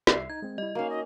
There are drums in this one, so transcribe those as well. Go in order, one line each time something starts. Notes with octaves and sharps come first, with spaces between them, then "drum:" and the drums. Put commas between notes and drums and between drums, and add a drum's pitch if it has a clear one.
C2 E5 C7, drum: snare
D#4 G#6
G#3 C4
G3 E4 D#5
A#3 C#4 D#4 F#4 F5
D#5